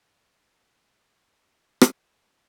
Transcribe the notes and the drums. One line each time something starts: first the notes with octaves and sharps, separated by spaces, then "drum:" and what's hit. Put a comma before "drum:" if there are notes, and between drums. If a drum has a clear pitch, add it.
A#3
B2
drum: rim click